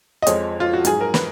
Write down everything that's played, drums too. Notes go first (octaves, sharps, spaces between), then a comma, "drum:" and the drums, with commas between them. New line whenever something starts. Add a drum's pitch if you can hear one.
D#5
F2 F3 G#3 C#5, drum: hi-hat
F4
F#4
G#2 F#3 G#4, drum: hi-hat
A#4
B4, drum: snare